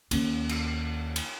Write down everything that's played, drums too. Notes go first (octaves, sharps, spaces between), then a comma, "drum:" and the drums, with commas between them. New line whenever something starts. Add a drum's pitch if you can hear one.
D#2 C#4, drum: cymbal
drum: cymbal
drum: cymbal